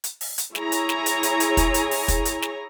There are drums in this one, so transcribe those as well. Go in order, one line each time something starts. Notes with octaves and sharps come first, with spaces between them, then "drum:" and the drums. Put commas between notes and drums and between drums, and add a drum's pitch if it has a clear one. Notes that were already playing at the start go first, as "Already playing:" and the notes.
drum: hi-hat
drum: open hi-hat
drum: hi-hat
E4 G#4 C#5 G#5 A#5, drum: snare
drum: hi-hat
drum: snare
drum: hi-hat
drum: hi-hat
drum: hi-hat
drum: kick, hi-hat
drum: hi-hat
drum: open hi-hat
drum: kick, hi-hat
drum: hi-hat
drum: snare